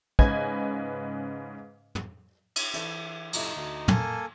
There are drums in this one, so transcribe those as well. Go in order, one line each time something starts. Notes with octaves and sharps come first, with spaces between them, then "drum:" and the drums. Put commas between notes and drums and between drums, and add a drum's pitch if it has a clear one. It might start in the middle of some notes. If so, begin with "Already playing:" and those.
G#2 C#3 B4 D#5 G#5 G#6, drum: kick
drum: tom
drum: cymbal
E3 A4 C5, drum: hi-hat
F2 A2 C3 D#4, drum: cymbal
D2
A#3 A4 D#5 G#5, drum: tom